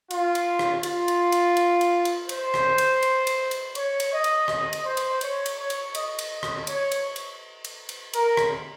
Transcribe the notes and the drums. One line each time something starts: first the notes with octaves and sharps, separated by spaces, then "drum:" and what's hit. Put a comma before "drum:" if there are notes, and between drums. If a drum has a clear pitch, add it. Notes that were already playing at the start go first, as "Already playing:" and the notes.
F4, drum: cymbal
drum: cymbal
drum: rim click
F4, drum: cymbal
drum: cymbal
drum: cymbal
drum: cymbal
drum: cymbal
drum: cymbal
C5, drum: cymbal
drum: rim click
drum: cymbal
drum: cymbal
drum: cymbal
drum: cymbal
C#5, drum: cymbal
drum: cymbal
D#5
drum: cymbal
D#5, drum: rim click
drum: cymbal
C5
drum: cymbal
C#5, drum: cymbal
drum: cymbal
C#5
drum: cymbal
D#5, drum: cymbal
drum: cymbal
drum: rim click
C#5, drum: cymbal
drum: cymbal
drum: cymbal
drum: cymbal
drum: cymbal
A#4, drum: cymbal
drum: rim click